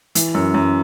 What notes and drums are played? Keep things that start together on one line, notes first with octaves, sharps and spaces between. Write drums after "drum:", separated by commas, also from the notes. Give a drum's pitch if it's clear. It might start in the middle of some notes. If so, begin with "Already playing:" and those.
E3, drum: hi-hat
F#2
F#2